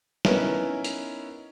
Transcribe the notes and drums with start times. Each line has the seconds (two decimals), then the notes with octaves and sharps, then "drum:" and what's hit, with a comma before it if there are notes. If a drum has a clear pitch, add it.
0.25 B3 C#4 D#4 E4 A#4 B4, drum: snare
0.84 drum: hi-hat